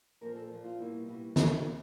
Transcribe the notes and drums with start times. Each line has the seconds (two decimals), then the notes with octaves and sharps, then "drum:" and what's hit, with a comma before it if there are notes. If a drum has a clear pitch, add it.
0.21 A#2 F3 A#3 A#4
0.36 A4
0.50 A#2 F3 A#3
0.64 F4
0.79 B2 G3 A#3 E4
1.08 B2 G3 A#3 E4
1.36 A#2 G3 A#3 D4, drum: snare
1.50 C#4
1.65 A#2 G3 A#3